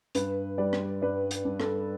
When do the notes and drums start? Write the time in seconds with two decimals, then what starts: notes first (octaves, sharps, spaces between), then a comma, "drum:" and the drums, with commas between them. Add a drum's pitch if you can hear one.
0.15 G2 B4, drum: hi-hat
0.58 G3 B4 D5
0.73 drum: rim click
1.02 G2 B4 D5
1.31 drum: hi-hat
1.45 G2
1.60 A4, drum: rim click